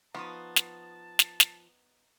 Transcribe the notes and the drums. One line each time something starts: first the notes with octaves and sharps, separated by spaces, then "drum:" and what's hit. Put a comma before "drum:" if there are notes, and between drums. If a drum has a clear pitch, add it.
F3 B3 D#4 A5 C#6 D#6
drum: snare
drum: snare
drum: snare